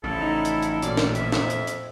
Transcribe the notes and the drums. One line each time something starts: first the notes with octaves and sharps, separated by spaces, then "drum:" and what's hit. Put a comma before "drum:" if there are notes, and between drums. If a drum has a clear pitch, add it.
A1 C#3 F3 D4 E4 A4
D#4
drum: hi-hat
drum: hi-hat
D2 A#2 C#4 D5, drum: hi-hat
drum: snare
F2 E5, drum: hi-hat
drum: snare
drum: hi-hat
drum: hi-hat